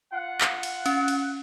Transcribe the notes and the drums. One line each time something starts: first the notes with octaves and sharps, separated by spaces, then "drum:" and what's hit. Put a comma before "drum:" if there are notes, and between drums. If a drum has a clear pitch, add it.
F4 F#5
drum: clap
drum: cymbal
C#4, drum: cymbal
drum: cymbal